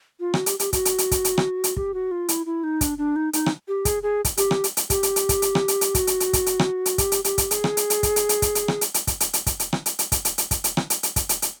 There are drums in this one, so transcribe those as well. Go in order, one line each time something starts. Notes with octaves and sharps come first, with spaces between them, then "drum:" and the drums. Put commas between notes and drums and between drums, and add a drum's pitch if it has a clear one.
F4
F#4, drum: rim click
G4, drum: hi-hat
G4, drum: hi-hat
F#4, drum: kick, hi-hat
drum: hi-hat
drum: hi-hat
drum: kick, hi-hat
drum: hi-hat
drum: rim click
drum: hi-hat
G4, drum: kick
F#4
F4
E4, drum: hi-hat
E4
D#4
D4, drum: kick, hi-hat
D4
D#4
D#4, drum: hi-hat
drum: rim click
G4
G#4, drum: kick, hi-hat
G#4
drum: kick, hi-hat
G4, drum: hi-hat
drum: rim click
drum: hi-hat
drum: hi-hat
G4, drum: kick, hi-hat
drum: hi-hat
drum: hi-hat
drum: kick, hi-hat
drum: hi-hat
drum: rim click
drum: hi-hat
drum: hi-hat
F#4, drum: kick, hi-hat
drum: hi-hat
drum: hi-hat
drum: kick, hi-hat
drum: hi-hat
drum: rim click
drum: hi-hat
G4, drum: kick, hi-hat
drum: hi-hat
G4, drum: hi-hat
drum: kick, hi-hat
G#4, drum: hi-hat
drum: rim click
drum: hi-hat
drum: hi-hat
drum: kick, hi-hat
drum: hi-hat
drum: hi-hat
drum: kick, hi-hat
drum: hi-hat
drum: rim click
drum: hi-hat
drum: hi-hat
drum: kick, hi-hat
drum: hi-hat
drum: hi-hat
drum: kick, hi-hat
drum: hi-hat
drum: rim click
drum: hi-hat
drum: hi-hat
drum: kick, hi-hat
drum: hi-hat
drum: hi-hat
drum: kick, hi-hat
drum: hi-hat
drum: rim click
drum: hi-hat
drum: hi-hat
drum: kick, hi-hat
drum: hi-hat
drum: hi-hat